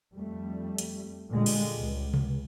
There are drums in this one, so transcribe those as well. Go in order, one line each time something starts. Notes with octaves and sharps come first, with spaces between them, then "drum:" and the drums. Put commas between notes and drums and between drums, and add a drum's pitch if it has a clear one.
F2 G3 A3
drum: hi-hat
A#2 D3 G3 G#3
drum: cymbal
C#2
drum: tom C3